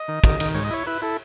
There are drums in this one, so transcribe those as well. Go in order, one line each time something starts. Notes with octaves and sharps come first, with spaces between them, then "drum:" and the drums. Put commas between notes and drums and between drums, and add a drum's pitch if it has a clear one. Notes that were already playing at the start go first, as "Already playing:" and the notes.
Already playing: D#5
D#3
D#3, drum: kick
D#3, drum: cymbal
G#2 C#5
D#5
E4 C#5
E4 B4
E4 A4